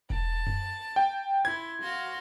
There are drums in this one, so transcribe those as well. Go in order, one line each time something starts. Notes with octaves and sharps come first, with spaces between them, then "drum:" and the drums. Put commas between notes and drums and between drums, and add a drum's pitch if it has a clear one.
A5, drum: kick E1
drum: tom F#2
G5
E4 C6 G#6
F#4 F5 C6